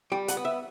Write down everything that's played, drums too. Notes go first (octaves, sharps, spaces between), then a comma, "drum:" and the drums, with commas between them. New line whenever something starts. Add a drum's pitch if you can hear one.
G3 G5
F#5, drum: hi-hat
B3
E5